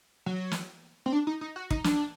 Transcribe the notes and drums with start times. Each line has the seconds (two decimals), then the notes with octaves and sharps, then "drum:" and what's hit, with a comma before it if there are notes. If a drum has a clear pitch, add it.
0.26 F#3
0.51 drum: snare
1.06 C4
1.12 D4
1.27 D#4
1.41 D#4
1.56 F#4
1.70 D#4, drum: kick
1.84 D4, drum: snare